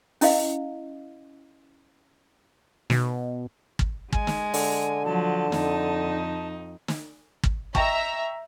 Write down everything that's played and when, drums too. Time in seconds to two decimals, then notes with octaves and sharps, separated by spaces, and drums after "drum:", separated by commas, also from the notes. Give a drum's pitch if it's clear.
0.21 C#4 E4 D#5 F5, drum: open hi-hat
2.90 B2, drum: snare
3.79 drum: kick
4.13 G#3 G#5, drum: kick
4.27 drum: snare
4.54 D3, drum: open hi-hat
5.05 F3 F#3 A5
5.52 F2 D#4, drum: snare
6.88 drum: snare
7.43 drum: kick
7.75 D#5 E5 G5 A#5 C#6, drum: kick